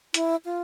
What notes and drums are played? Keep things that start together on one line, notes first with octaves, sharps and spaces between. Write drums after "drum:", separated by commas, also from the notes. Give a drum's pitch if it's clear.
E4, drum: hi-hat
F4